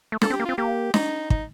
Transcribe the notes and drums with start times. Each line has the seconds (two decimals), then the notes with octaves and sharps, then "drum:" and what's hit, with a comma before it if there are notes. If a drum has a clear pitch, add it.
0.12 A3
0.22 A#3 A4, drum: snare
0.30 C4
0.33 G4
0.40 A#3
0.45 C4 F4
0.57 A#3 G4
0.94 D#4, drum: snare
1.30 D#4, drum: kick